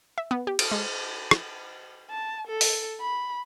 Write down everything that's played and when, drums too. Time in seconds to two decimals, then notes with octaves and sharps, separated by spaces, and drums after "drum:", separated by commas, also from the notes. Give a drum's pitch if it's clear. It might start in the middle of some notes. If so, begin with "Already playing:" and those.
0.18 E5
0.31 B3
0.47 G4
0.59 D7, drum: cymbal
0.72 G#3
1.31 drum: rim click
2.10 A5
2.47 A4
2.61 drum: open hi-hat
3.01 B5